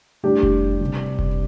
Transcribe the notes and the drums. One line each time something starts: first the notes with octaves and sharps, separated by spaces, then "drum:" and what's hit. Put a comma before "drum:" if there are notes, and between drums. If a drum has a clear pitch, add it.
A2 G3 D4 G4
drum: kick F1
C3 G3
drum: kick F1